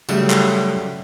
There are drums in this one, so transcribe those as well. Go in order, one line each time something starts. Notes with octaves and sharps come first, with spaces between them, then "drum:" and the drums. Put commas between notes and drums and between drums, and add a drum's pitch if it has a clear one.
C#3 F#3 G3 A3, drum: tambourine
drum: clap